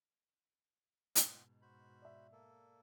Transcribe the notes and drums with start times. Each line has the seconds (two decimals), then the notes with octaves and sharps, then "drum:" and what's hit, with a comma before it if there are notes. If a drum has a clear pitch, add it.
1.15 G#2 B2 C5 D#5 F#5, drum: hi-hat
1.62 F#4 C5 B5
2.02 D5 E5
2.32 A#3 A4